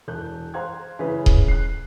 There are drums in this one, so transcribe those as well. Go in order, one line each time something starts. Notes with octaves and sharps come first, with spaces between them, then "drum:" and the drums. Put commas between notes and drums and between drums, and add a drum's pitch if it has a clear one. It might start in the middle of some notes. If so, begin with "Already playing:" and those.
E1 F#6 G6
C5 F5 A#5 C6 F#6 G#6
C#3 E3 G#3 B4
drum: kick D#1
F#6 C7